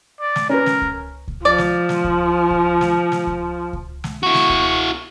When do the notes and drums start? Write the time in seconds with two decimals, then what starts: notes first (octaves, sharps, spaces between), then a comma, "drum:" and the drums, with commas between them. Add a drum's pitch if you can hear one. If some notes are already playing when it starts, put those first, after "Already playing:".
0.20 D5
0.36 drum: snare
0.49 C#4 A#4 B4
0.66 drum: snare
0.82 drum: kick C#2
1.28 drum: kick C#2
1.45 F3 D5
1.58 drum: snare
1.89 drum: snare
2.04 drum: kick C#2
2.50 drum: kick C#2
2.81 drum: snare
3.12 drum: snare
3.27 drum: kick C#2
3.73 drum: kick C#2
4.04 drum: snare
4.23 E4 F#4 C#6
4.34 drum: snare
4.50 drum: kick C#2